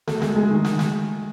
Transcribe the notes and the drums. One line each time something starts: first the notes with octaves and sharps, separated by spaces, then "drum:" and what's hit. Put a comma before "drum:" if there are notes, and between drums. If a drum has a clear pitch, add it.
A3, drum: snare
G#3, drum: snare
G#3
D#3
drum: snare
drum: snare